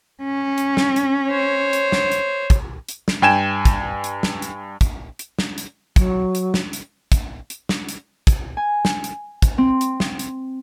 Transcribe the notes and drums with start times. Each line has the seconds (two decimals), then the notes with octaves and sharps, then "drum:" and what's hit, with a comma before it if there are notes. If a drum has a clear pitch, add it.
0.23 C#4
0.58 drum: hi-hat
0.77 drum: snare
0.96 drum: hi-hat
1.27 C5 C#5
1.73 drum: hi-hat
1.92 drum: snare
2.12 drum: hi-hat
2.50 drum: kick, hi-hat
2.89 drum: hi-hat
3.08 drum: snare
3.22 G2 G5 G#5 G#6 E7
3.65 drum: kick, hi-hat
4.04 drum: hi-hat
4.23 drum: snare
4.42 drum: hi-hat
4.81 drum: kick, hi-hat
5.19 drum: hi-hat
5.39 drum: snare
5.58 drum: hi-hat
5.96 F#3, drum: kick, hi-hat
6.35 drum: hi-hat
6.54 drum: snare
6.73 drum: hi-hat
7.12 drum: kick, hi-hat
7.50 drum: hi-hat
7.69 drum: snare
7.89 drum: hi-hat
8.27 drum: kick, hi-hat
8.57 G#5
8.85 drum: snare
9.04 drum: hi-hat
9.42 drum: kick, hi-hat
9.58 C4
9.81 drum: hi-hat
10.00 drum: snare
10.19 drum: hi-hat